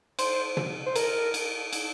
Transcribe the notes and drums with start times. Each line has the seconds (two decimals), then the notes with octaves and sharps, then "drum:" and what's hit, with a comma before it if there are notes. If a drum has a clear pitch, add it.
0.19 C5, drum: cymbal
0.57 drum: tom
0.86 C5
0.96 A#4, drum: cymbal
1.34 drum: cymbal
1.73 drum: cymbal